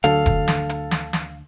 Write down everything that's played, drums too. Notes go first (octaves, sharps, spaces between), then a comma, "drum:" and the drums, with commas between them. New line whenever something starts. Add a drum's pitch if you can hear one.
D2 D3 F#3 A4 F5 A5, drum: hi-hat
drum: kick F1, hi-hat
drum: snare
drum: hi-hat
drum: snare
drum: snare